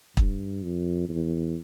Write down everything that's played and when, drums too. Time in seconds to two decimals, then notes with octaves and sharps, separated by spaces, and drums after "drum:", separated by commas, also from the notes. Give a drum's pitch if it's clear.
0.17 G2, drum: kick
0.63 F2
1.09 E2